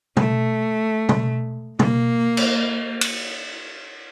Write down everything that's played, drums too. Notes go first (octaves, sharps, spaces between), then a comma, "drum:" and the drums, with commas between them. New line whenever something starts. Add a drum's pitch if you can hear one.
A3, drum: tom B2
drum: tom B2
A#3, drum: tom B2
drum: cymbal
drum: cymbal